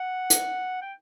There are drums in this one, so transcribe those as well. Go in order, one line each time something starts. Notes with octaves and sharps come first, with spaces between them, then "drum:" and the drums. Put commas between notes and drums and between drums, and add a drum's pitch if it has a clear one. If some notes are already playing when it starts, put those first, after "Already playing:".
Already playing: F#5
drum: hi-hat
G5